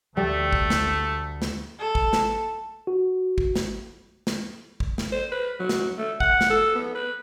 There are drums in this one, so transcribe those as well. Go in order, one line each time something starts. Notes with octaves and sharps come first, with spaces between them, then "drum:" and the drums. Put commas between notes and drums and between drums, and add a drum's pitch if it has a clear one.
D2 G3 A3
drum: kick A1
drum: snare
drum: snare
A4
drum: kick A1
drum: snare
F#4
drum: kick A1
drum: snare
drum: snare
drum: kick A1
drum: snare
C5
B4
F#3
drum: snare
A3
F#5, drum: kick A1
drum: snare
A4
B3
B4